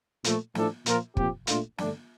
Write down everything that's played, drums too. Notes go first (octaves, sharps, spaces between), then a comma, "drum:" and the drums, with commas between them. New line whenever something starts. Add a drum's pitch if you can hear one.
A#2 F3 A3, drum: hi-hat
A2 F3 A3 D4 A4, drum: snare
A#2 F3 A#3 F4 A#4, drum: hi-hat
A#2 F3 C4 G4, drum: kick
A#2 A3 D4 F4, drum: hi-hat
G2 D3 A3 D4, drum: snare